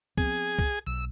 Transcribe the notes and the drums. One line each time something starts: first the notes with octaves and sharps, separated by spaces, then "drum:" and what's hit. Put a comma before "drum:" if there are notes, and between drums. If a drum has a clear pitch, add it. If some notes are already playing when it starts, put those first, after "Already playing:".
F3 B3 C4 G#4, drum: kick
drum: kick
B1 E6